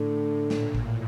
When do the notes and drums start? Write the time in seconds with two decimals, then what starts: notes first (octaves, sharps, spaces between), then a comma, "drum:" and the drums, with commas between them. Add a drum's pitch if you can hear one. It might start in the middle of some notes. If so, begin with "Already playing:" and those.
Already playing: A2 D3
0.50 A#2, drum: snare
0.75 drum: kick G#1